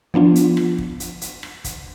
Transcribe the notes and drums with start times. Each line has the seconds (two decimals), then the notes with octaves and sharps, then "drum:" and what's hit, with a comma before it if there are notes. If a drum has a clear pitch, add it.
0.14 F3 B3 D4 F4
0.35 drum: hi-hat
0.57 drum: rim click
0.78 drum: kick
1.00 drum: hi-hat
1.21 drum: hi-hat
1.43 drum: rim click
1.64 drum: kick, hi-hat